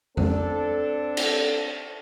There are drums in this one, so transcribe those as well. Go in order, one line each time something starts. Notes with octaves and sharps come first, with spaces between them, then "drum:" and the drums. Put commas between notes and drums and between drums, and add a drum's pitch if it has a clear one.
C4 D4 A4, drum: tom F2
drum: cymbal